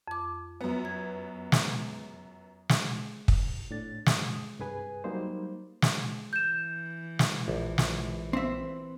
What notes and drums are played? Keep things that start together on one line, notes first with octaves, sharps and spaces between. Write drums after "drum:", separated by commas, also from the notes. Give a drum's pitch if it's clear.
F2 D6
F#2 B3
G#6
drum: snare
drum: snare
drum: kick
A2 D4 A6
G2 D#6, drum: snare
C2 G2 G#4 B4 G#5
F#3 G3 A#3 D#4 C5
drum: snare
E3 G6 E7
drum: snare
A#1
drum: snare
C4 E5